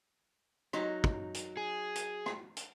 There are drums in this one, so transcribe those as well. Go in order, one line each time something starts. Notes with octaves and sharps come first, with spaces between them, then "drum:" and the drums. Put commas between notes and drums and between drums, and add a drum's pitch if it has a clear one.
F#3 D#4, drum: rim click
drum: kick
drum: hi-hat
G#4
drum: hi-hat
drum: rim click
drum: hi-hat